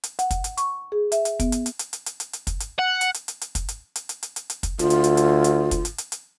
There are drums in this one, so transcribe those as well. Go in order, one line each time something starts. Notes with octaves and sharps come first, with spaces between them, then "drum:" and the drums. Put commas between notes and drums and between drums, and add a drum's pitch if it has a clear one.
drum: hi-hat
F#5, drum: hi-hat
drum: kick, hi-hat
drum: hi-hat
C#6, drum: hi-hat
G#4
E5, drum: hi-hat
drum: hi-hat
B3, drum: kick, hi-hat
drum: hi-hat
drum: hi-hat
drum: hi-hat
drum: hi-hat
drum: hi-hat
drum: hi-hat
drum: hi-hat
drum: kick, hi-hat
drum: hi-hat
F#5
drum: hi-hat
drum: hi-hat
drum: hi-hat
drum: hi-hat
drum: kick, hi-hat
drum: hi-hat
drum: hi-hat
drum: hi-hat
drum: hi-hat
drum: hi-hat
drum: hi-hat
drum: kick, hi-hat
D2 F4, drum: hi-hat
drum: hi-hat
drum: hi-hat
drum: hi-hat
drum: hi-hat
drum: kick, hi-hat
drum: hi-hat
drum: hi-hat
drum: hi-hat